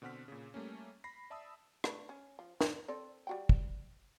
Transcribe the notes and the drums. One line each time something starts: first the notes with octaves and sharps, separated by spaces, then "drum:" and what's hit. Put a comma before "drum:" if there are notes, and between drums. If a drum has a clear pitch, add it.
B2 D3 C4 F#5 F6 B6
A#2 C#3
G3 A3 A#3 C#4
B5 A#6 C7
D5 E5 A5 B5 D#6 E6
A3 D4 B4, drum: rim click
C#4
F3
D3 B4 C5, drum: snare
C4 A4 D5
G3 F#4 G5
drum: kick